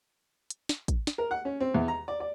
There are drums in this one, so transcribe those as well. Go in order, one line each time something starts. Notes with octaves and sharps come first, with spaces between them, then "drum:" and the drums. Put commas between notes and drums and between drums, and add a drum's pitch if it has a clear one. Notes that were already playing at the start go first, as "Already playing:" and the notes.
drum: hi-hat
drum: snare
drum: kick, hi-hat
drum: snare
A#4
F#5
C#4
C4
E2
A#5
D5
D5